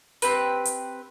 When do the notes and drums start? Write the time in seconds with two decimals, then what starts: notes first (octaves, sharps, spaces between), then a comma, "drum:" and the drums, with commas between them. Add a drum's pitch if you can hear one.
0.22 C4 G4 B4, drum: hi-hat
0.66 drum: hi-hat